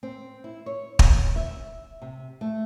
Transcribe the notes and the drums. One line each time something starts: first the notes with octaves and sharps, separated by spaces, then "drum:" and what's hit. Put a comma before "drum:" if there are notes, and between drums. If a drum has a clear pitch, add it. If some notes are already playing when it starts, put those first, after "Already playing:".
C4
E4
C#5
drum: kick
E5
C3
A3